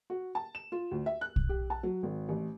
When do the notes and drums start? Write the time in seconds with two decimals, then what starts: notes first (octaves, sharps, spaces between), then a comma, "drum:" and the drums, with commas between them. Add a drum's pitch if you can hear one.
0.10 F#4
0.35 A5
0.55 E7
0.72 F4
0.91 D2
1.06 E5
1.21 F#6
1.36 drum: kick
1.49 G4
1.70 A5
1.83 F#3
2.03 G#1
2.29 A1